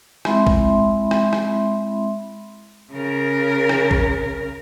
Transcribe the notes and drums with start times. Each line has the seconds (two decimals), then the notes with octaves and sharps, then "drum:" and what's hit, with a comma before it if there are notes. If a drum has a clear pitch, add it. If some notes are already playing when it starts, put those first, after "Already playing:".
0.25 G#3 C4 E4 E5 B5 C6, drum: rim click
0.47 drum: kick
1.11 drum: rim click
1.33 drum: rim click
2.93 C#3 A#4
3.69 drum: rim click
3.91 drum: kick